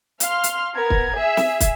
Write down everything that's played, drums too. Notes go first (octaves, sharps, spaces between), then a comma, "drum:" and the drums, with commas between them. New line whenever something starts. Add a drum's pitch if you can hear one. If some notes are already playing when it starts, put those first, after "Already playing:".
F5 C6 F6, drum: hi-hat
drum: hi-hat
B3 A#4 G#6
drum: kick
G#4 E5
drum: snare
drum: kick, hi-hat